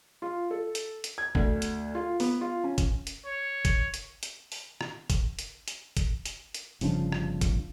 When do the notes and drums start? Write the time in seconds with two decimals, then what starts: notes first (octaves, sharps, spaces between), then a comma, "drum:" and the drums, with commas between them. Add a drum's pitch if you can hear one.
0.22 F4
0.51 A4
0.75 drum: hi-hat
1.04 drum: hi-hat
1.18 G#6
1.35 D2, drum: kick
1.62 drum: hi-hat
1.95 F4
2.20 B3, drum: open hi-hat
2.41 F4
2.64 C#4
2.78 drum: kick, hi-hat
3.07 drum: hi-hat
3.26 C#5
3.65 drum: kick, hi-hat
3.94 drum: hi-hat
4.23 drum: hi-hat
4.52 drum: open hi-hat
4.81 drum: rim click
5.10 drum: kick, hi-hat
5.39 drum: hi-hat
5.68 drum: hi-hat
5.97 drum: kick, hi-hat
6.26 drum: hi-hat
6.54 drum: hi-hat
6.81 G1 C#3 F3 D4, drum: open hi-hat
7.12 drum: rim click
7.41 drum: kick, hi-hat